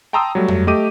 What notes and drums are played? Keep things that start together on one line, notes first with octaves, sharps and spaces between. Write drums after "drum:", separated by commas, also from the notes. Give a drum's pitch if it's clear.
G5 A5 A#5 C6 D#6 E6
F#3 G3 A3
drum: tom F2
A3 G4 D#5 D6 D#7